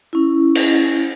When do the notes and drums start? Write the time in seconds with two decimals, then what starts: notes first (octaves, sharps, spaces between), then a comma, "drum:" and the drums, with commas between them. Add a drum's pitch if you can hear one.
0.13 C#4 E4
0.55 drum: cymbal